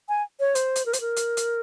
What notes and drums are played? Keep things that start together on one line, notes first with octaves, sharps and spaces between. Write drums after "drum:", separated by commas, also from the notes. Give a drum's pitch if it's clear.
G#5
C#5
C5, drum: hi-hat
drum: hi-hat
A#4
C5, drum: hi-hat
A#4
drum: hi-hat
drum: hi-hat